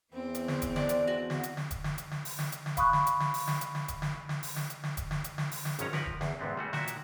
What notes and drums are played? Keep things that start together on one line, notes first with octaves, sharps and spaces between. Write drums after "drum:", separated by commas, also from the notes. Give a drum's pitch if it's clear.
E2 E3 C4
drum: hi-hat
drum: snare
drum: kick E1, hi-hat
D4, drum: snare
drum: hi-hat
F#4
drum: snare
drum: hi-hat
drum: snare
drum: kick E1, hi-hat
drum: snare
drum: hi-hat
drum: snare
drum: open hi-hat
drum: snare
drum: hi-hat
drum: snare
F5 B5 C#6 D#6 F#6, drum: kick E1, hi-hat
drum: snare
drum: hi-hat
drum: snare
drum: open hi-hat
drum: snare
drum: hi-hat
drum: snare
drum: kick E1, hi-hat
drum: snare
drum: snare
drum: open hi-hat
drum: snare
drum: hi-hat
drum: snare
drum: kick E1, hi-hat
drum: snare
drum: hi-hat
drum: snare
drum: open hi-hat
drum: snare
G#1 F#2 D#3 C#4 C#5 A#5, drum: hi-hat
F3 A#4 B4 F#5, drum: snare
drum: kick E1
E2, drum: snare
E2 G#2 C3 B3 C4
G3 A3 F#4 G#4
A#2 D#3 E4 F#4 E5, drum: snare
drum: hi-hat